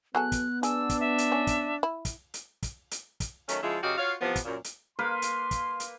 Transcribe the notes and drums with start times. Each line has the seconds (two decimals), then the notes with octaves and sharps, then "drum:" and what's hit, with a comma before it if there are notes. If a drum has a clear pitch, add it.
0.15 F#3 B3 G#4 A4 F#6
0.32 drum: kick, hi-hat
0.63 D4 G#4 E6, drum: hi-hat
0.89 drum: kick, hi-hat
1.00 E5
1.18 drum: hi-hat
1.32 C#4
1.47 drum: kick, hi-hat
1.83 E4
2.05 drum: kick, hi-hat
2.34 drum: hi-hat
2.63 drum: kick, hi-hat
2.91 drum: hi-hat
3.20 drum: kick, hi-hat
3.49 D#3 F#3 A3 C#4, drum: hi-hat
3.63 C#3 F3 G#3 E4 F4
3.83 F#2 C#3 F#4 G4 D#5 F5
3.98 F4 F#4 C#5 F5
4.21 C3 E3 F3 B3
4.36 drum: kick, hi-hat
4.45 F#2 A#2
4.64 drum: hi-hat
4.99 A#3 B4 F5 C6
5.22 drum: hi-hat
5.51 drum: kick, hi-hat
5.80 drum: hi-hat